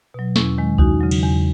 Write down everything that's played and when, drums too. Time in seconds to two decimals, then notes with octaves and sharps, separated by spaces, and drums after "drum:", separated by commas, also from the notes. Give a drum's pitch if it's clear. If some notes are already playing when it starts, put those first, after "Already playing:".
0.14 B2 F#3
0.36 E2 C#4 E4, drum: snare
0.58 D#3 G#3
0.78 E2 D#4 F#4, drum: kick C2
1.01 C#3 F#3
1.11 drum: cymbal
1.22 E2